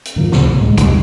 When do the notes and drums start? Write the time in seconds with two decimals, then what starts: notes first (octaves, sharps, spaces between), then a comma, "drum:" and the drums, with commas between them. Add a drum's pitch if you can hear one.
0.05 drum: hi-hat
0.16 G2 D#3 F3
0.32 D#2 A#2 C#3, drum: snare
0.43 C2
0.60 A2 G#3
0.78 E2 G2, drum: kick G#1, hi-hat